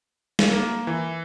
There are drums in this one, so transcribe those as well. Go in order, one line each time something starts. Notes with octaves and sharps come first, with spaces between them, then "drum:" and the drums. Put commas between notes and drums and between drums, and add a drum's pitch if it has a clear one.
drum: snare
A#3
E3